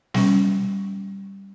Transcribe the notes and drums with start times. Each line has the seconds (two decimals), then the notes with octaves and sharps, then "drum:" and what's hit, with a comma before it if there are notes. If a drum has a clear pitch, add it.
0.14 G3 C#4, drum: snare